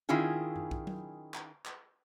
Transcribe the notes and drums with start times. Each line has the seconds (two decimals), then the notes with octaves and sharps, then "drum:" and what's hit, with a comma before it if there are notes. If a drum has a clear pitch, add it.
0.09 D#3 C#4 E4 F4 G#4
0.56 drum: tom F#2
0.71 drum: kick B1
0.87 drum: tom F#3
1.34 drum: clap
1.65 drum: clap